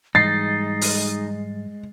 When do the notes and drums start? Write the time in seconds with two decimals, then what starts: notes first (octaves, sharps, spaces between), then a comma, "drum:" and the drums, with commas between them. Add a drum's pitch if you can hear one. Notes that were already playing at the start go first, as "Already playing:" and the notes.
0.15 G#2 E3 G3 G#3 D#4 A6 C7
0.81 drum: open hi-hat